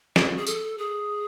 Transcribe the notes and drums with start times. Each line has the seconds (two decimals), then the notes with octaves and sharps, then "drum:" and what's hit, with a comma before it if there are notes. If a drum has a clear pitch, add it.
0.16 F#4, drum: snare
0.37 G#4
0.47 A4, drum: tambourine
0.78 G#4